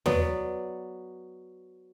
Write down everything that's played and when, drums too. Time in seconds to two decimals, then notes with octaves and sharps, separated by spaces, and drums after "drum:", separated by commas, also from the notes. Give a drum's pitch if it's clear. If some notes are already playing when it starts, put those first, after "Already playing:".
0.06 F#3 B3 D5, drum: tom